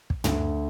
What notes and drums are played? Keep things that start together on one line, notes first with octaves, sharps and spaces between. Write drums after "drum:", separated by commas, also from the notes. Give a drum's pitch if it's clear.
drum: kick
D2, drum: tom